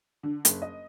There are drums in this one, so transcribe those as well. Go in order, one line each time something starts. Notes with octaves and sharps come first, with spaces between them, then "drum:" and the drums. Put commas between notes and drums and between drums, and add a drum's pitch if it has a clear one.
D3
F#1, drum: hi-hat
D#5